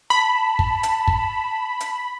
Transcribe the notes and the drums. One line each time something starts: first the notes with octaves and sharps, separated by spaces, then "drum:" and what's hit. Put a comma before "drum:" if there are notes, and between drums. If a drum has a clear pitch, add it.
A5 B5
drum: kick
drum: hi-hat
drum: kick
drum: hi-hat